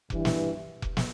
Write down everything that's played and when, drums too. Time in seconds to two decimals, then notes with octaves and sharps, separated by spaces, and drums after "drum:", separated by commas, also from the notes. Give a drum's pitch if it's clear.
0.10 G2 E3, drum: kick F1
0.25 drum: snare
0.82 drum: kick F1
0.97 drum: snare